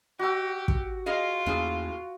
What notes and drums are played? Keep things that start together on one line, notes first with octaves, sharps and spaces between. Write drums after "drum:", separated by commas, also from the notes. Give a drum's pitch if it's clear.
F#4 G4 E6
drum: kick
F4 G#4 D#5 F5
E2 A2 A#3 C#4 G#4